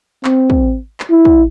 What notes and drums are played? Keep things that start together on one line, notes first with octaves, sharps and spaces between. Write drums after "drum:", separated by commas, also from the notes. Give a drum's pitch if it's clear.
C4, drum: clap
drum: kick
drum: clap
E4
drum: kick